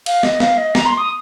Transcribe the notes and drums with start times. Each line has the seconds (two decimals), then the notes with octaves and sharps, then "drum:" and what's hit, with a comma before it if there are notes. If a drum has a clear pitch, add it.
0.06 F5, drum: cymbal
0.23 D#5, drum: snare
0.40 F5, drum: snare
0.57 D#5
0.75 A#5, drum: snare
0.86 C6
0.98 D#6